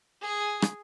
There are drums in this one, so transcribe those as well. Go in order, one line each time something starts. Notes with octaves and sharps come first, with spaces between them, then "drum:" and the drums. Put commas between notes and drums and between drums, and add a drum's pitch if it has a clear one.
G#4
drum: rim click